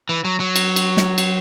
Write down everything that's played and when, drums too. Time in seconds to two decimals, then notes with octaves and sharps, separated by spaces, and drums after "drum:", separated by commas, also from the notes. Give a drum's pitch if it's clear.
0.09 E3
0.25 F#3
0.40 F#3
0.56 drum: cymbal
0.76 drum: cymbal
0.97 drum: snare
1.18 drum: cymbal